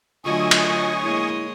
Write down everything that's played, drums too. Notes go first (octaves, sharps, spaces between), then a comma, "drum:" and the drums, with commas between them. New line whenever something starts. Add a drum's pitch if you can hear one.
D3 F#3 A3 F4 D#5 G#5 C#6 D#6
drum: cymbal
G#3 A#3 E4 C#5 D#5